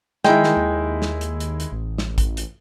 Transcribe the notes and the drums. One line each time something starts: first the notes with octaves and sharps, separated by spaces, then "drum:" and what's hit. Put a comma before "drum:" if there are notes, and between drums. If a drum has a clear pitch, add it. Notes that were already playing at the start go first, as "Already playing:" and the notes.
D#3 G#3 D#4 E4 G5, drum: snare
drum: snare
D#2
drum: snare
drum: hi-hat
drum: hi-hat
drum: hi-hat
A1
drum: snare
drum: kick, hi-hat
drum: hi-hat